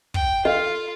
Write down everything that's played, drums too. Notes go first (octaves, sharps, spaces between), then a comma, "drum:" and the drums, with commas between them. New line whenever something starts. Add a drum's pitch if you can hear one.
G5, drum: kick
F4 A4 F5